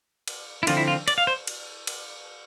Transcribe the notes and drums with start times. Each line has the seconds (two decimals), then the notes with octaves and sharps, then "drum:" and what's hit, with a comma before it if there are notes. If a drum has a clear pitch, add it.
0.28 drum: cymbal
0.63 E4
0.67 D3 F3 C4 F4, drum: cymbal
0.77 E4
0.88 F4
1.08 D5, drum: cymbal
1.18 F5
1.27 C5
1.47 drum: cymbal
1.87 drum: cymbal